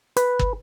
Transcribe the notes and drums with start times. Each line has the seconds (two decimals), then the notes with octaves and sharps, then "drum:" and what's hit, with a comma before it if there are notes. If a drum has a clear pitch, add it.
0.16 B4, drum: hi-hat
0.39 drum: kick